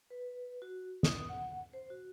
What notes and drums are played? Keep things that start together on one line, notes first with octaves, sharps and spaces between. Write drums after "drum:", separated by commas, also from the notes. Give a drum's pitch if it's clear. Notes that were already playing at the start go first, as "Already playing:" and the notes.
B4
F#4
D#6, drum: snare
F#5
C5
F#4